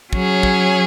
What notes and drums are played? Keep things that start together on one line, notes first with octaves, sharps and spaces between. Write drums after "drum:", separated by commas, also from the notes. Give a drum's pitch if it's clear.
F#3 C#4 G#4 C#5, drum: kick
drum: kick